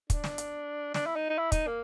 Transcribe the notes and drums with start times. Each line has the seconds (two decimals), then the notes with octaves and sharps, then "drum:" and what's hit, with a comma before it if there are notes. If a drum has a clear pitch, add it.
0.10 D4, drum: kick, hi-hat
0.24 drum: snare
0.38 drum: hi-hat
0.94 D4, drum: snare
1.06 E4
1.16 D#4
1.30 D#4
1.38 E4
1.52 D#4, drum: kick, hi-hat
1.67 A#3